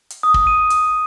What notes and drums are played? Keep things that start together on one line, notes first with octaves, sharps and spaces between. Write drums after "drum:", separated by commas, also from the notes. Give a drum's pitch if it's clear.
drum: hi-hat
D#6
drum: kick
D#7
D#6, drum: hi-hat